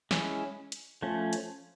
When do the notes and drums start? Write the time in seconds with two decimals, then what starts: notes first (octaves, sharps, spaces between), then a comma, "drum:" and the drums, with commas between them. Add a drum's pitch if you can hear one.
0.11 G#3 C#4 E4, drum: snare
0.72 drum: hi-hat
1.02 F3 A3 C#4
1.33 drum: hi-hat